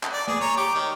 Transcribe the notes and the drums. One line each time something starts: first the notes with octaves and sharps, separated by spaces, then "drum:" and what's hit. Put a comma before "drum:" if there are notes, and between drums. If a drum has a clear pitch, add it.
drum: clap
D5
G#4, drum: snare
C#5 A#5
G4 D6
D#3